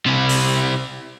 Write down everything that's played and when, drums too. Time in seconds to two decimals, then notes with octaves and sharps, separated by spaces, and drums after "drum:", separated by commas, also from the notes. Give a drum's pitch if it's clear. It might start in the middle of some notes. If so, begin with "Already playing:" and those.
0.06 C3 E4
0.29 drum: open hi-hat